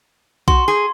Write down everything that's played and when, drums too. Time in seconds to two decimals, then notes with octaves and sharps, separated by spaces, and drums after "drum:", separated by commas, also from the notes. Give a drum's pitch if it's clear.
0.48 F#4 C6, drum: kick B1
0.68 G#4